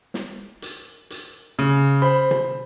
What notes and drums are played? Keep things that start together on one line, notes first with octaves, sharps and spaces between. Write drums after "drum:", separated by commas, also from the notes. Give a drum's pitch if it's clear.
drum: snare
drum: hi-hat
drum: hi-hat
C#3
C5 B5
drum: tom